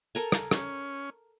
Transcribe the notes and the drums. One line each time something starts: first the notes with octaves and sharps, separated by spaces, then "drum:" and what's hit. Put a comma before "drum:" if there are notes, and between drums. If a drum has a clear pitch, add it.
A4 A#4 G#5
drum: rim click
C#4, drum: rim click